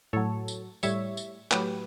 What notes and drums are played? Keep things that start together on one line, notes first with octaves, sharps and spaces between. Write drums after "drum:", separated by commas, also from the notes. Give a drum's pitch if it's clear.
A2 F#3 A4 C#5
drum: tambourine
A2 G3 C#5 E5, drum: tambourine
drum: tambourine
A2 F#3 G4 B4, drum: clap